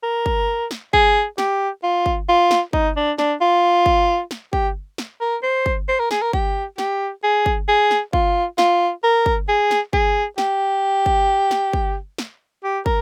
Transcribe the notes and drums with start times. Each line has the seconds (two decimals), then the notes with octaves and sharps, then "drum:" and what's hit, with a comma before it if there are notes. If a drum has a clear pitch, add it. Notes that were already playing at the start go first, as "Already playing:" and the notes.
0.03 A#4
0.26 drum: kick
0.71 drum: snare
0.93 G#4, drum: kick
1.38 G4, drum: snare
1.83 F4
2.06 drum: kick
2.29 F4
2.51 drum: snare
2.73 D#4, drum: kick
2.96 D4
3.18 D4, drum: snare
3.41 F4
3.86 drum: kick
4.31 drum: snare
4.53 G4, drum: kick
4.98 drum: snare
5.21 A#4
5.43 C5
5.66 drum: kick
5.89 C5
5.99 A#4
6.11 G#4, drum: snare
6.22 A#4
6.33 G4, drum: kick
6.78 G4, drum: snare
7.23 G#4
7.46 drum: kick
7.68 G#4
7.91 drum: snare
8.13 F4, drum: kick
8.58 F4, drum: snare
9.04 A#4
9.26 drum: kick
9.48 G#4
9.71 drum: snare
9.93 G#4, drum: kick
10.38 G4, drum: snare
11.06 drum: kick
11.51 drum: snare
11.73 drum: kick
12.18 drum: snare
12.64 G4
12.86 A#4, drum: kick